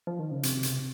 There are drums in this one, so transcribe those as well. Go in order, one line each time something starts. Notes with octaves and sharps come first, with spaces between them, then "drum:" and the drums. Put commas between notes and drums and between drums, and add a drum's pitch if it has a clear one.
F3
D#3
C#3
C3, drum: hi-hat
drum: hi-hat